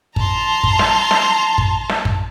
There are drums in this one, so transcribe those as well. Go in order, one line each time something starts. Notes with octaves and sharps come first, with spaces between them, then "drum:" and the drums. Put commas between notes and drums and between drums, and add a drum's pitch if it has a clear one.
A5 A#5 C6, drum: kick
drum: kick
drum: snare
drum: snare
drum: kick
drum: snare
drum: kick